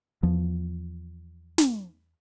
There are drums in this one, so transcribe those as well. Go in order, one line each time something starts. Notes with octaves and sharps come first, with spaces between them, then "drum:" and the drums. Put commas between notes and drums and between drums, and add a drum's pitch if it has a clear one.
E2 F3
drum: snare